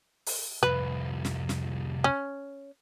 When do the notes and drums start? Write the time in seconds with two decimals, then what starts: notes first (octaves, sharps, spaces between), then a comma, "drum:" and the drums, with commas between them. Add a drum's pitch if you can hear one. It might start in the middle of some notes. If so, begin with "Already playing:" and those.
0.26 drum: open hi-hat
0.63 C2 F2 B4
1.25 drum: snare
1.49 drum: snare
2.04 C#4